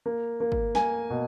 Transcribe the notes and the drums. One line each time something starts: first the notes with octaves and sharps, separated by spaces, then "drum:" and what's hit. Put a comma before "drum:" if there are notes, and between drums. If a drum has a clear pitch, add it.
A#3
A#3
drum: kick
A#3 G#5, drum: snare
B2